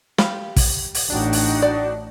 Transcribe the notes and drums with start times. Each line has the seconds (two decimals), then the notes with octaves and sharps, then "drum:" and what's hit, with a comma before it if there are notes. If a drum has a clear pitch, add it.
0.18 G4 F5 B5, drum: snare
0.56 drum: kick, open hi-hat
0.95 drum: open hi-hat
1.10 A1 A2 D4 D#4 F#4 G5
1.33 drum: open hi-hat
1.62 D5